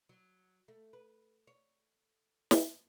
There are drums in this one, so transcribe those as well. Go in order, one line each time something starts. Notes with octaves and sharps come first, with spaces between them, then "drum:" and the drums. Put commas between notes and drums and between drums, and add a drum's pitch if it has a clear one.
F#3
A3
B4
C#5
drum: snare